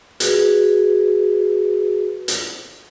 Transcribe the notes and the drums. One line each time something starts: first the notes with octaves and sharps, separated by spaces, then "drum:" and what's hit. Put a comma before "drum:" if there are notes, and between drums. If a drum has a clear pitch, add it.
F#4 G#4 B4, drum: hi-hat
drum: hi-hat